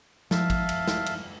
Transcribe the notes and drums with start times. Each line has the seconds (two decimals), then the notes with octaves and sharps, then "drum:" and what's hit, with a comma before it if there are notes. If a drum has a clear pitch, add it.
0.31 F3 E5 F5 A5, drum: snare
0.50 drum: kick, cymbal
0.69 drum: cymbal
0.88 drum: snare
1.06 drum: cymbal